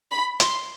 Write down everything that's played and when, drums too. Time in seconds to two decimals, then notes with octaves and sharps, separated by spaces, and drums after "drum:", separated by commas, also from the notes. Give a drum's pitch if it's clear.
0.11 B5
0.40 C6, drum: hi-hat